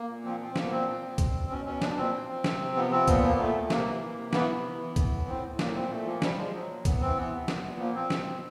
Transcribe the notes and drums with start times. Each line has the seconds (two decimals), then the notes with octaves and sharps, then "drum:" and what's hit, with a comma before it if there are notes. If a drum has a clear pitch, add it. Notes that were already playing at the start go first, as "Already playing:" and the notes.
Already playing: A#3
0.09 A#2
0.24 F3 C4
0.40 F3 C4
0.56 F3 A#3, drum: snare
0.65 B3
0.71 A#2 C4
0.88 F3
1.03 A#2
1.18 B2, drum: kick C2, hi-hat
1.34 B2
1.50 B2 C#4
1.65 B2 C#4
1.82 A#2 D4, drum: snare
1.97 A#2 C4
2.13 F3
2.29 F3
2.44 C3, drum: snare
2.60 C3
2.76 F3 B3
2.91 F3 C4
3.08 A#2 B3, drum: kick C2, hi-hat
3.24 F3 A#3
3.39 A#2 A3
3.54 A#2
3.70 C3 A#3, drum: snare
3.86 E3
4.02 E3
4.17 C3
4.33 E3 B3, drum: snare
4.49 C3
4.65 E3
4.80 E3
4.96 E3, drum: kick C2, hi-hat
5.12 A2
5.27 A2 C4
5.43 A2
5.59 A#2 A#3, drum: snare
5.75 A#2 C4
5.90 A#2 A3
6.06 F3 A#3
6.22 F3 G3, drum: snare
6.37 F3 G#3
6.53 F3 F#3
6.69 A#2
6.85 E3 B3, drum: kick C2, hi-hat
7.01 E3 C4
7.16 E3 B3
7.32 C3
7.48 A#2, drum: snare
7.64 A#2
7.79 F3 A#3
7.95 F3 C4
8.10 B2, drum: snare
8.27 B2